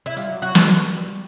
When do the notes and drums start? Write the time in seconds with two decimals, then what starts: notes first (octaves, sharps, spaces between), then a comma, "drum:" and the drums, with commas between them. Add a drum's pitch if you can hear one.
0.06 E4
0.17 G3 F4
0.29 F#3
0.42 F#3 F#4
0.55 G3, drum: snare